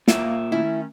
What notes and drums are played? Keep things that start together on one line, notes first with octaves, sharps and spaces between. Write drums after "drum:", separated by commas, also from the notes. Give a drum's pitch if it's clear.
A#2 A#3 E5, drum: snare
D#3 A3 C#4 E4